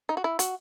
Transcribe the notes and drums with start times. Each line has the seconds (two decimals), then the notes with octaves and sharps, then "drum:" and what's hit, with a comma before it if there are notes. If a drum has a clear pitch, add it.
0.09 D#4
0.17 F#4
0.24 E4
0.39 F#4, drum: hi-hat